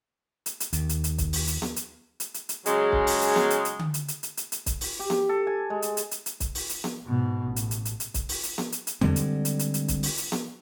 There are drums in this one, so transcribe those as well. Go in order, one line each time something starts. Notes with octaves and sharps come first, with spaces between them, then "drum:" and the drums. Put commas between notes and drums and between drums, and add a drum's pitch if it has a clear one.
drum: hi-hat
drum: hi-hat
D#2, drum: hi-hat
drum: hi-hat
drum: hi-hat
drum: kick, hi-hat
drum: open hi-hat
drum: hi-hat
drum: snare B3
drum: hi-hat
drum: hi-hat
drum: hi-hat
drum: hi-hat
C#3 F#3 G#3, drum: hi-hat
drum: kick
drum: open hi-hat
drum: hi-hat
drum: snare B3
drum: hi-hat
drum: hi-hat
drum: tom D3
drum: hi-hat
drum: hi-hat
drum: hi-hat
drum: hi-hat
drum: hi-hat
drum: kick, hi-hat
drum: open hi-hat
G4
drum: snare B3
A4
G#5
G#3
drum: hi-hat
drum: hi-hat
drum: hi-hat
drum: hi-hat
drum: kick, hi-hat
drum: open hi-hat
drum: hi-hat
drum: snare B3
G#2 B2
A1
drum: hi-hat
drum: hi-hat
drum: hi-hat
drum: hi-hat
drum: kick, hi-hat
drum: open hi-hat
drum: hi-hat
drum: snare B3
drum: hi-hat
drum: hi-hat
D3 G3 G#3 C4, drum: tom E2
drum: hi-hat
drum: hi-hat
drum: hi-hat
drum: hi-hat
drum: kick, hi-hat
drum: open hi-hat
drum: hi-hat
drum: snare B3